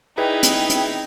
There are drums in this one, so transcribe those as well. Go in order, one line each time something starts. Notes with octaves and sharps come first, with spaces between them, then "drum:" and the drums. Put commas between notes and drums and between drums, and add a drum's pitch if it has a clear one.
D#4 E4 G#4 B4 D5 G5
drum: hi-hat
drum: hi-hat